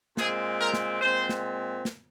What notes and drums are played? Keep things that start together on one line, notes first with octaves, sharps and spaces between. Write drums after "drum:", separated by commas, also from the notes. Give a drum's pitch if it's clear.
A#2 G#3 C4 G#4, drum: snare
A#4
drum: snare
A#2 G#3 C4 C5
drum: snare
drum: snare